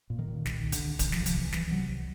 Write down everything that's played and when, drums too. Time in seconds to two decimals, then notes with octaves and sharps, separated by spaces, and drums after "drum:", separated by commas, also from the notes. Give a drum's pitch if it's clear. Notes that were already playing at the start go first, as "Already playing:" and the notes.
0.10 A#2
0.19 D#3
0.28 A#2
0.46 C2 D#3, drum: snare
0.63 C2
0.72 D3, drum: hi-hat
0.81 C2
0.99 C3 D#3, drum: kick D1, hi-hat
1.12 F3, drum: snare
1.17 C3
1.26 F3, drum: hi-hat
1.35 C2 E3
1.52 C2 E3, drum: snare
1.71 C3 F#3
1.88 C2